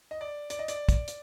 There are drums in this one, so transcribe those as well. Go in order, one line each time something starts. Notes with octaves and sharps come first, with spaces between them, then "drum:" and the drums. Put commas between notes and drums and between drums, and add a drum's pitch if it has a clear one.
D#5
D5
D5, drum: hi-hat
D#5
D5, drum: hi-hat
drum: kick, hi-hat
drum: hi-hat